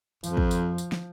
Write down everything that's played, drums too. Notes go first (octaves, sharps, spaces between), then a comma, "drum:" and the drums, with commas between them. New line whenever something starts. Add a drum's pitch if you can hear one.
F2 F3, drum: tambourine
drum: kick
drum: tambourine
drum: tambourine
drum: snare